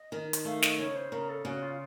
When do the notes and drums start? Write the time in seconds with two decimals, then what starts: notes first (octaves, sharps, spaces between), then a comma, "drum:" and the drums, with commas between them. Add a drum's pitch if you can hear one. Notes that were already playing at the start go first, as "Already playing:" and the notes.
Already playing: D#5
0.12 D#3
0.33 drum: hi-hat
0.45 A3 F5
0.62 D#5, drum: snare
0.78 C#3 C#5
0.95 C5
1.12 C#3 A#4
1.29 A4
1.45 C#3 F#4
1.62 F4